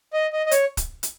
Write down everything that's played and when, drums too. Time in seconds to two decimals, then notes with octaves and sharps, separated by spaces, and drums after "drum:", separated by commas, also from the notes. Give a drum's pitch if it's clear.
0.13 D#5
0.33 D#5
0.46 D#5
0.51 C#5, drum: hi-hat
0.77 drum: kick, hi-hat
1.03 drum: hi-hat